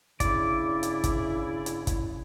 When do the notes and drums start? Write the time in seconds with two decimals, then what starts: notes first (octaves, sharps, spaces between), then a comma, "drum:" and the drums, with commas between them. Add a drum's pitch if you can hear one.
0.20 G2 C#3 E4 D5, drum: kick, hi-hat
0.83 drum: hi-hat
1.04 drum: kick, hi-hat
1.66 drum: hi-hat
1.87 drum: kick, hi-hat